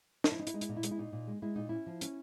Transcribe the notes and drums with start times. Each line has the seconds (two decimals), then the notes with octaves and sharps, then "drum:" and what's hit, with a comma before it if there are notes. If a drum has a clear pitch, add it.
0.24 F3 D#4, drum: snare
0.32 E4
0.39 C#4 D#4
0.47 E4, drum: hi-hat
0.54 G#3 D#4
0.61 E4, drum: hi-hat
0.69 A#2 D#4
0.76 E4
0.83 G#3 D#4, drum: hi-hat
0.91 E4
0.98 A#2 D#4
1.12 A#2
1.27 G#3
1.42 G#3 E4
1.56 A#2 D#4
1.69 C#4 E4
1.86 F3
2.01 C#4, drum: hi-hat